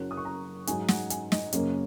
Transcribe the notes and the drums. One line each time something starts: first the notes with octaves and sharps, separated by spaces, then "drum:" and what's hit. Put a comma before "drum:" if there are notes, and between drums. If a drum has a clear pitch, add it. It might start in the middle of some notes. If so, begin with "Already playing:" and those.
Already playing: F#1 F#2 F#3 C#4 F#6
D#6
C#6
A#5
G#2 F#3 D#4 G#5, drum: hi-hat
F#5, drum: snare
G#5, drum: hi-hat
D#5, drum: snare
F#2 C#3 A#3 C#4, drum: hi-hat